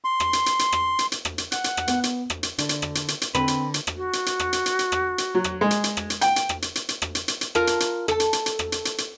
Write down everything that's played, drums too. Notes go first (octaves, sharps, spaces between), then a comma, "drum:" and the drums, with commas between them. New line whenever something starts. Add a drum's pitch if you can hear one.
C6
drum: rim click
drum: hi-hat
drum: hi-hat
drum: hi-hat
drum: rim click
drum: hi-hat
drum: hi-hat
drum: rim click
drum: hi-hat
F#5, drum: hi-hat
drum: hi-hat
drum: rim click
B3, drum: hi-hat
drum: hi-hat
drum: rim click
drum: hi-hat
D3 D4, drum: hi-hat
drum: hi-hat
drum: rim click
drum: hi-hat
drum: hi-hat
drum: hi-hat
D3 C4 B4, drum: rim click
drum: hi-hat
drum: hi-hat
drum: rim click
F#4
drum: hi-hat
drum: hi-hat
drum: rim click
drum: hi-hat
drum: hi-hat
drum: hi-hat
drum: rim click
drum: hi-hat
F#3
drum: rim click
G#3
drum: hi-hat
drum: hi-hat
drum: rim click
drum: hi-hat
G5, drum: hi-hat
drum: hi-hat
drum: rim click
drum: hi-hat
drum: hi-hat
drum: hi-hat
drum: rim click
drum: hi-hat
drum: hi-hat
drum: hi-hat
F4 A#4 A5, drum: rim click
drum: hi-hat
drum: hi-hat
A4 A5, drum: rim click
drum: hi-hat
drum: hi-hat
drum: hi-hat
drum: rim click
drum: hi-hat
drum: hi-hat
drum: hi-hat